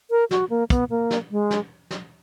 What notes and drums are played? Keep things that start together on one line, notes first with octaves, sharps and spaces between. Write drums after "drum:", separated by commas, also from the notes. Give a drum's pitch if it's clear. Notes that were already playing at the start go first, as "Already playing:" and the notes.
A#4
F#4, drum: snare
A#3
B3, drum: kick, hi-hat
A#3
drum: snare
G#3
drum: snare
drum: snare